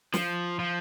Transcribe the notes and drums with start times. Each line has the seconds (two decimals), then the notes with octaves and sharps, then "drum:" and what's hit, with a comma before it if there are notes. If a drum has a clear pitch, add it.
0.14 F3, drum: snare
0.59 F3